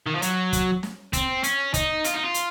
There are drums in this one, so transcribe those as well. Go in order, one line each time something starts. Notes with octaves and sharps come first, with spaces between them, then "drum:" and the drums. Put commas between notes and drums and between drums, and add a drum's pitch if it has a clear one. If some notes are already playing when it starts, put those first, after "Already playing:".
D#3
F3
F#3, drum: hi-hat
drum: kick, hi-hat
drum: snare
C4, drum: kick, hi-hat
C#4, drum: hi-hat
D#4, drum: kick, hi-hat
F4, drum: hi-hat
D#4
F4
drum: hi-hat